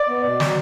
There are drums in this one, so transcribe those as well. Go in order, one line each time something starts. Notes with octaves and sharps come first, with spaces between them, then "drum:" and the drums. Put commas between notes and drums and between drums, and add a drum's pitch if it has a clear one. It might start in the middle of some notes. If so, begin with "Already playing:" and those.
Already playing: D5
B3
B2
F#3, drum: snare